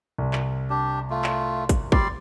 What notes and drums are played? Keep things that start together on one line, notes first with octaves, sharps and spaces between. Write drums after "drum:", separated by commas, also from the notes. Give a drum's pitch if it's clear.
C2
drum: clap
D4 G4
A3 F4
drum: clap
drum: kick, hi-hat
G3 D5 C6, drum: kick